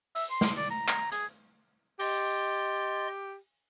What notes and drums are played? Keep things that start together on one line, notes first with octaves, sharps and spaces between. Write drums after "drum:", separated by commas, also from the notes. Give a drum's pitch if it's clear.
E5, drum: open hi-hat
C6
drum: snare
D5
A#5
A#5, drum: clap
G#4, drum: hi-hat
G4 D#5 C6 A6, drum: open hi-hat